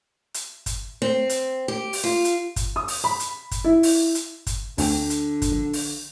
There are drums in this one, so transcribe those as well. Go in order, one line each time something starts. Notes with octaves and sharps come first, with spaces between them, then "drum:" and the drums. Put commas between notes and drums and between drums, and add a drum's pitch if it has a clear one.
drum: hi-hat
drum: kick, hi-hat
C4
drum: hi-hat
G4
drum: open hi-hat
F4
drum: hi-hat
drum: kick, hi-hat
D#6
drum: open hi-hat
B5
drum: hi-hat
drum: kick, hi-hat
E4
drum: open hi-hat
drum: hi-hat
drum: kick, hi-hat
D2 D3 C4 G5, drum: open hi-hat
drum: hi-hat
drum: kick, hi-hat
A#1
drum: open hi-hat